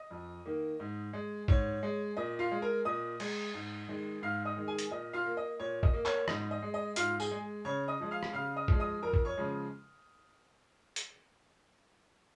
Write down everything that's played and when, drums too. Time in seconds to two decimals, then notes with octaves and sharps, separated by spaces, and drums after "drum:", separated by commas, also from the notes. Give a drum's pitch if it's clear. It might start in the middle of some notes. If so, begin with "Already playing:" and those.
Already playing: D#5
0.11 F2
0.46 D#3 A#3
0.80 G#2
1.13 G#3
1.48 G#2 C#5, drum: kick
1.83 G#3
2.17 A#2 D#5
2.39 F4 F5
2.51 G#3
2.62 A#4 A#5
2.85 A#2 D#5 D#6
3.20 G#3, drum: cymbal
3.54 G#2
3.89 D#3 G#3
4.22 G#2 F5 F6
4.45 D#5 D#6
4.56 D#3 G#3
4.68 G#4 G#5
4.79 drum: hi-hat
4.91 A#2 D#5
5.13 F4 F5
5.25 A#3
5.37 D#5
5.60 A#2 C#5
5.83 D#5, drum: kick
5.93 A#3
6.05 C#5, drum: clap
6.28 G#2 D#5, drum: rim click
6.51 D#5
6.62 G#3
6.74 D#5
6.96 G#2 F4 F5, drum: hi-hat
7.20 G#4 G#5, drum: tambourine
7.31 G#3
7.65 C#3 C#5 C#6
7.88 D#5 D#6
8.00 F3 G#3
8.11 F5 F6
8.23 drum: rim click
8.33 C#3 F5 F6
8.56 D#5 D#6
8.68 F3 G#3, drum: kick
8.80 D#5 D#6
9.03 F2 A#4 A#5
9.13 drum: kick
9.25 C#5 C#6
9.38 C#3 F3 G#3
10.96 drum: hi-hat